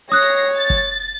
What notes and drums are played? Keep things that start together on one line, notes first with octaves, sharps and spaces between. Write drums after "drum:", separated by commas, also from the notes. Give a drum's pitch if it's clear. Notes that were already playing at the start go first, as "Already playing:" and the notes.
C#5 D#6 F#6 A#6 C7
drum: hi-hat
A6
drum: kick